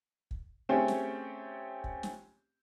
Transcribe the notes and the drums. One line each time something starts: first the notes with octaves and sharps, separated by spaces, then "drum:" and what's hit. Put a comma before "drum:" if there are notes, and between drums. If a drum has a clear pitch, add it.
drum: kick
A3 C4 C#4 G4 G#4
drum: snare
drum: kick
drum: snare